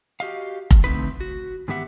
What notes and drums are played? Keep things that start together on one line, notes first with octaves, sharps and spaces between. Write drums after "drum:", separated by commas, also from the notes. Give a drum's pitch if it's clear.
F#4 G4 D#5 F5
drum: kick F1
D3 A3 C4 D#4 B4
F#4
G#2 D#3 B3 G4 E5 F#5